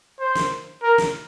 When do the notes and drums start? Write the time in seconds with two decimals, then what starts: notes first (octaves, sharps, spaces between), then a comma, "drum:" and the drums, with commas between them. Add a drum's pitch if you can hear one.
0.20 C5
0.35 drum: snare
0.83 A#4
0.98 drum: snare